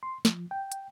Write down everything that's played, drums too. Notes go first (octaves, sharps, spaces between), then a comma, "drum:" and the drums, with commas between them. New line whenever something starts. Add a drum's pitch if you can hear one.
C6
F3, drum: snare
G5
drum: hi-hat